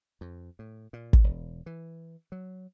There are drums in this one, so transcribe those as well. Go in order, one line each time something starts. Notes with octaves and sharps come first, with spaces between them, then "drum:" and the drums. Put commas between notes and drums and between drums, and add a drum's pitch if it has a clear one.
F2
A2
A#2
drum: kick
E1
E3
F#3